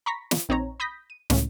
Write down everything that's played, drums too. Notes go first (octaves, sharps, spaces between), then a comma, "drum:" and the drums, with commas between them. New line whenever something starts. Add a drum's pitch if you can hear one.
A#5 B5 C#6 A#6 B6
drum: snare
A#1 C4 D#4 C#5 A#5
B5 D#6 G6 A#6 B6
D#7
C#2 A2 C#3, drum: snare